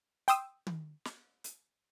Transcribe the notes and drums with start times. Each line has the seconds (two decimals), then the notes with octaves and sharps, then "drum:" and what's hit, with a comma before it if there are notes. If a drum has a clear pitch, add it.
0.28 G5 C6 D#6 E6, drum: hi-hat
0.67 drum: tom
1.05 drum: snare
1.44 drum: hi-hat